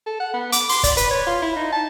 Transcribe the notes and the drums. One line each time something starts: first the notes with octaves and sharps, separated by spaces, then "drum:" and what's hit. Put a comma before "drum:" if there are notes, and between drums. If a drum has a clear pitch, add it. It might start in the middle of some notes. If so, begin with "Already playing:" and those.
A4
F#5
B3
D6, drum: hi-hat
C6, drum: open hi-hat
D5, drum: kick, hi-hat
B4, drum: hi-hat
C#5
F4
E4
D#4
A5